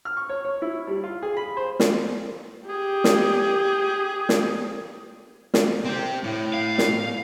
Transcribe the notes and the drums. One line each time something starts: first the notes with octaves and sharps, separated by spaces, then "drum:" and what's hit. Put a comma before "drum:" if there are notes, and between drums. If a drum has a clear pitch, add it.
F6
C#6
C#5
C#5
E4
G3
F4
G#4
B5
C5
drum: snare
G4 G#4
drum: snare
drum: snare
drum: snare
C4 G4
A2
F5
drum: snare